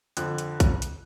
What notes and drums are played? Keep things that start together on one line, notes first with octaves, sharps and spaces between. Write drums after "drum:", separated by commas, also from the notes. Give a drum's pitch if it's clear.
F2 D3 F#6, drum: hi-hat
drum: hi-hat
drum: kick, hi-hat
drum: hi-hat